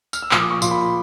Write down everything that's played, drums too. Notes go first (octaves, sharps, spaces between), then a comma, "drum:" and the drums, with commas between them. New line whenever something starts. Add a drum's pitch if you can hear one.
F6, drum: tambourine
E6
A#2 F3 D#6, drum: clap
D6
C#6
A#2 F3 C6, drum: tambourine
B5
B5